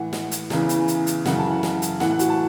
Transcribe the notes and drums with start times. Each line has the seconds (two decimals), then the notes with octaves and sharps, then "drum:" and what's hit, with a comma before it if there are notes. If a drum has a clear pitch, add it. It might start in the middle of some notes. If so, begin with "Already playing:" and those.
Already playing: A2 E3 F#5
0.13 drum: snare
0.31 drum: hi-hat
0.50 E2 C#3 E3, drum: snare
0.69 drum: hi-hat
0.88 drum: hi-hat
1.07 drum: hi-hat
1.25 F#2 C#3 E3 F#5, drum: snare
1.38 A5
1.50 F#5
1.63 drum: snare
1.82 drum: hi-hat
2.00 A2 E3 F#5, drum: snare
2.10 F#5
2.19 F#4, drum: hi-hat
2.29 A5